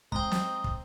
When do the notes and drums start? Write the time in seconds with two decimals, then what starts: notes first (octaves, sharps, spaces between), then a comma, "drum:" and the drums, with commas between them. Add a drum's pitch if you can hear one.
0.12 G#3 C4 D#5 G5 A#5, drum: kick
0.31 drum: snare
0.64 drum: kick